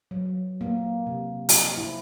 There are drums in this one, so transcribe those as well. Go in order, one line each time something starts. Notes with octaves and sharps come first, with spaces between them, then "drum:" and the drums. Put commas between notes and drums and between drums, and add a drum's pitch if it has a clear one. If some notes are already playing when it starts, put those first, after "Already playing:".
F#3
A#3
C3
F3, drum: open hi-hat
E4